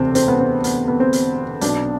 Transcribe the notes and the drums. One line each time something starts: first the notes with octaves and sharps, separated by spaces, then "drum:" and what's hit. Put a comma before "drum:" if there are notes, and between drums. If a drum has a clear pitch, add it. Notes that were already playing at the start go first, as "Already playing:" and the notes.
Already playing: E1 D2 C3 C4
C4, drum: hi-hat
B3
C4
B3, drum: hi-hat
B3
C4
drum: hi-hat
B1 B2 D4, drum: hi-hat